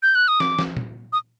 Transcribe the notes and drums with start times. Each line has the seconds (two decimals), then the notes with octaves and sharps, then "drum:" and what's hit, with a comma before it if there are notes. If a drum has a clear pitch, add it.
0.03 G6
0.15 F#6
0.28 D#6
0.40 D6, drum: snare
0.59 drum: snare
0.77 drum: tom A#2
1.13 D#6